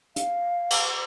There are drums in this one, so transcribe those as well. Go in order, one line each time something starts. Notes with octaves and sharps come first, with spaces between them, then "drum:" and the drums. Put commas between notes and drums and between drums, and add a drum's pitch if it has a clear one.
F5, drum: hi-hat
drum: cymbal